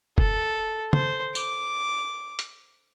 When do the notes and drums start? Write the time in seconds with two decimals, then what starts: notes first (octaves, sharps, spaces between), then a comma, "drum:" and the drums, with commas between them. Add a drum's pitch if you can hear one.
0.18 A4, drum: kick F1
0.93 C5, drum: tom
1.35 D6, drum: tambourine
2.39 drum: hi-hat